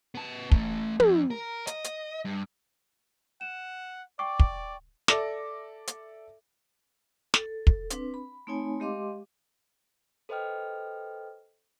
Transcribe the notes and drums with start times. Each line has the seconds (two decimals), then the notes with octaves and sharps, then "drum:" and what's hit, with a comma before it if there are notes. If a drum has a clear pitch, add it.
0.15 B3 A5
0.52 E3 A3, drum: kick
1.00 F2, drum: tom
1.30 A#4
1.67 D#5, drum: hi-hat
1.84 drum: hi-hat
2.25 G2
3.41 F#5 E7
4.19 D5 G5 C#6 D6
4.39 drum: kick
5.08 A4 D5 E5 D6 A#6, drum: snare
5.87 drum: hi-hat
7.34 A4, drum: snare
7.67 drum: kick
7.90 C4 D4 B4, drum: hi-hat
8.14 B5
8.47 A3 C4 D#4 C#5 G#5 B5
8.80 G#3 G4 D#5 F5 C6 D6
10.29 A4 B4 C5 D#5 G5 F6